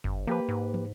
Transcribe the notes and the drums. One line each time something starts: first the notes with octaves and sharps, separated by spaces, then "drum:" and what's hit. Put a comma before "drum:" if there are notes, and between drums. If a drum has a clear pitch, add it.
G1, drum: tom F2
F3 A#3 G4 B4
G#2
drum: tom